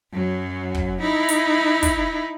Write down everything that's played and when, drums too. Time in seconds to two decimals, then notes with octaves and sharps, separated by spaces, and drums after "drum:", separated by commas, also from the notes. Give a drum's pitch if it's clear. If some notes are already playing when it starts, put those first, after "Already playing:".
0.12 F#2 F#3
0.74 drum: kick
1.02 D#4 E4
1.29 drum: hi-hat
1.83 drum: kick, hi-hat